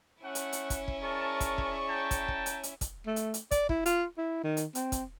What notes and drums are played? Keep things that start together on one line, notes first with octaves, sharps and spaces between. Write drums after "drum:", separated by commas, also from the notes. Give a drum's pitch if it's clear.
A3 C#4 E4 F#5
drum: hi-hat
drum: hi-hat
drum: kick, hi-hat
drum: kick
G#4 A#4 D5 A5 C#6
drum: kick, hi-hat
drum: kick
G5 A5 A#5
drum: kick, hi-hat
drum: kick
drum: hi-hat
drum: hi-hat
drum: kick, hi-hat
A3
drum: hi-hat
drum: hi-hat
D5, drum: kick, hi-hat
E4, drum: kick
F4, drum: hi-hat
E4
D#3
drum: hi-hat
C4, drum: hi-hat
drum: kick, hi-hat